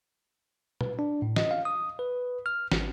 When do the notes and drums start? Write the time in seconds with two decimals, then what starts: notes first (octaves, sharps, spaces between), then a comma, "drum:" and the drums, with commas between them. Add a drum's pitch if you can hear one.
0.81 B4, drum: tom A#2
0.99 D4
1.22 A2
1.36 D#5, drum: snare
1.51 F5
1.65 D#6
1.99 B4
2.46 F6
2.72 G#1, drum: snare